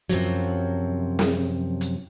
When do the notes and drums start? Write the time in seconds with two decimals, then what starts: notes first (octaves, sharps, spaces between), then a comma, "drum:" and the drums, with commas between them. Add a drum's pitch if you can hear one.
0.09 F#2 C3 D#3 F3 F#3
1.19 drum: snare
1.81 drum: hi-hat